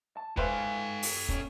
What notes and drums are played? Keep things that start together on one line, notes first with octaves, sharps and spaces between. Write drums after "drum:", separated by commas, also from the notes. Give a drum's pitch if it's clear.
A5
G#2 A4 B4 C5 E5 F5 G5 G#5, drum: kick
drum: open hi-hat
A#2 C#4, drum: kick